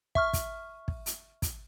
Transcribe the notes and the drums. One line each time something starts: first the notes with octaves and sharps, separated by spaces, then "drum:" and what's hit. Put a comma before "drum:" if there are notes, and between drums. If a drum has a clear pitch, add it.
E5 C#6 F6, drum: kick
drum: kick, hi-hat
drum: kick
drum: hi-hat
drum: kick, hi-hat